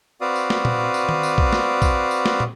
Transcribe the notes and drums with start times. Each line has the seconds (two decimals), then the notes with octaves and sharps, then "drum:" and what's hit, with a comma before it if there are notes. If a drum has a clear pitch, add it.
0.21 C4 F#4 B4 D5 F5 D#6
0.36 drum: tambourine
0.50 drum: snare
0.65 drum: tom A#2
0.94 drum: tambourine
1.09 drum: tom D#3
1.23 drum: tambourine
1.38 drum: kick A#1
1.52 drum: snare
1.82 drum: kick A#1, tambourine
2.11 drum: tambourine
2.26 drum: snare
2.40 drum: tom